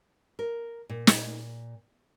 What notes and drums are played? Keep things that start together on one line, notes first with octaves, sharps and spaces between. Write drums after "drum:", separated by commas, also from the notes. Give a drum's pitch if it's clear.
A#4
A#2
drum: snare